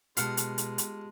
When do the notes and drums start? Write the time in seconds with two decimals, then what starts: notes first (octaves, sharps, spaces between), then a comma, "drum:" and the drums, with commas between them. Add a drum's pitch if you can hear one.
0.17 B2 G#3 F4 G4 F5 F#5 A5, drum: hi-hat
0.37 drum: hi-hat
0.58 drum: hi-hat
0.78 drum: hi-hat